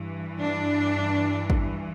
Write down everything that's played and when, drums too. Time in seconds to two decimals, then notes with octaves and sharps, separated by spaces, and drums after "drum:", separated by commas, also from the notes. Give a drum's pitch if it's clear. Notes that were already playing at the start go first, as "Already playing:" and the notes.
Already playing: G2 E3
0.40 D4
1.50 drum: kick